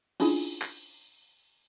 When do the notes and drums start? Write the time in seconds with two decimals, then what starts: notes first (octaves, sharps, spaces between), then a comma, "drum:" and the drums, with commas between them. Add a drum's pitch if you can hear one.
0.20 C#4 D4 E4 F4 G#4 G#5, drum: open hi-hat
0.62 drum: clap